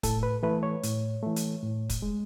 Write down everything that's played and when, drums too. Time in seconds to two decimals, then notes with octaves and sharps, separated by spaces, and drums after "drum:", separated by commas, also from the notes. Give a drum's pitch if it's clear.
0.03 A2 A4, drum: kick, hi-hat
0.23 B4
0.43 E3 A3 B4
0.63 C#5
0.83 A2, drum: hi-hat
1.23 E3 A3
1.36 drum: hi-hat
1.63 A2
1.89 drum: kick, hi-hat
2.02 G#3